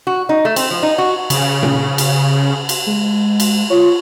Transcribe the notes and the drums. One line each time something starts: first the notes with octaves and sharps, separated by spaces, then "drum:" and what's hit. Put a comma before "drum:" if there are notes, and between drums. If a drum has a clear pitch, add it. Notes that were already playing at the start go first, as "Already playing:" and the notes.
F#4
D#4
A3
C4, drum: cymbal
F3
D#4
F#4
C#3, drum: cymbal
drum: tom A#2
drum: cymbal
drum: cymbal
G#3
drum: cymbal
F4 C#5